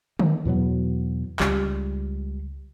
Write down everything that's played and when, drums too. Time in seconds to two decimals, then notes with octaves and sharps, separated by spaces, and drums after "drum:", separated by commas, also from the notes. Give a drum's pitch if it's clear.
0.19 D#3, drum: tom D3
0.45 E2 B2 F#3 B3
1.40 C#2 G3, drum: clap